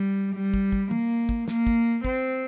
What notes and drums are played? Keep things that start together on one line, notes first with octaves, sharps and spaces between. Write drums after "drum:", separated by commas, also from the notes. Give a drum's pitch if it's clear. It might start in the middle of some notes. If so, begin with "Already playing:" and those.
Already playing: G3
G3
drum: kick
drum: kick
A#3, drum: tom
drum: kick
A#3, drum: snare
drum: kick
C4, drum: kick